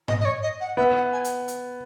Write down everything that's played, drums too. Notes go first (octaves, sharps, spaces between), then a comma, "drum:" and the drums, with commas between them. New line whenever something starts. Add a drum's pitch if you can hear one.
D#5, drum: tom G#2
D#5
C#5
D#5
F#5
B3 E5
F#5
G#5
drum: hi-hat
drum: hi-hat